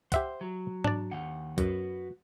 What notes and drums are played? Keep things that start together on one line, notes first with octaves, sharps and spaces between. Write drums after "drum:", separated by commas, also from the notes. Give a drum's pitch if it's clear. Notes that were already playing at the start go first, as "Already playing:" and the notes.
G4 C5 E5 F#5, drum: kick, hi-hat
F#3
D4 D5, drum: tom G#2
D#2 F#5
F#2 F#4 B4, drum: kick, hi-hat